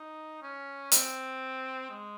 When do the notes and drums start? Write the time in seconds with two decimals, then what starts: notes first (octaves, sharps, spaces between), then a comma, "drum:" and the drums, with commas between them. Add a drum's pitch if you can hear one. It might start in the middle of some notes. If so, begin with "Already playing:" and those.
Already playing: D#4
0.42 C#4
0.92 C4, drum: hi-hat
1.90 G#3